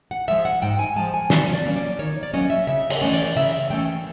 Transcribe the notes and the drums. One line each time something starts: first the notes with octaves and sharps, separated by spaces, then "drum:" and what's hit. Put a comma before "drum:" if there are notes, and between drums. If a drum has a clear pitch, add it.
F#5
F3 G#3 E5
F#5
G#2 G5
G#5
F3 G#3 A5
G#5
D#3 D5, drum: snare
C#5
D5
F#3 A#3 C#4
D5
D#3 C#5
D5
F#3 A#3 C#4 D#5
E5
C#3 E5
D#5, drum: cymbal
E3 A3 C#4
D5
C#3 E5
E3 A3 C#4 G5